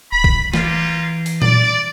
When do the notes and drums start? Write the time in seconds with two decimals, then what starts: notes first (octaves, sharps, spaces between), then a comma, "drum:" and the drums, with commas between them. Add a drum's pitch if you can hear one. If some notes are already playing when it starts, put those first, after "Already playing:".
0.12 D1 B5
0.24 drum: kick A#1
0.54 E3 G3 A#3 F4, drum: snare
1.26 drum: open hi-hat
1.42 D5, drum: tom A#2